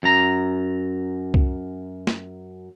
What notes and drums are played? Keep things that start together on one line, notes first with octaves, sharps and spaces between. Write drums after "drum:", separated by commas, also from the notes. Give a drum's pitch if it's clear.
F#2 A#5
drum: kick C2
drum: snare